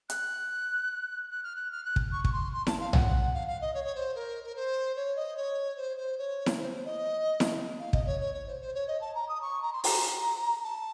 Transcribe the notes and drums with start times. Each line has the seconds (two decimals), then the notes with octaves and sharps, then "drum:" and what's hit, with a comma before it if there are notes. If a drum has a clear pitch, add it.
0.10 F#6, drum: hi-hat
1.31 F#6
1.43 F6
1.56 F#6
1.72 F6
1.85 F#6
1.96 drum: kick
2.12 C#6
2.24 C#6, drum: kick
2.32 C6
2.53 C6
2.67 A5, drum: snare E4
2.80 F5
2.93 F#5, drum: tom
3.34 F5
3.47 F5
3.61 D#5
3.74 C#5
3.84 C#5
3.95 C5
4.15 A#4
4.44 A#4
4.56 C5
4.96 C#5
5.16 D#5
5.37 C#5
5.77 C5
5.97 C5
6.18 C#5
6.46 drum: snare E4
6.59 C5
6.72 C5
6.85 D#5
7.40 drum: snare E4
7.80 F5
7.93 D#5, drum: kick
8.07 C#5
8.20 C#5
8.34 C#5
8.47 C5
8.61 C5
8.74 C#5
8.88 D#5
9.01 A5
9.15 A#5
9.29 D#6
9.42 C#6
9.62 A#5
9.73 C6
9.84 A#5, drum: open hi-hat
10.64 A5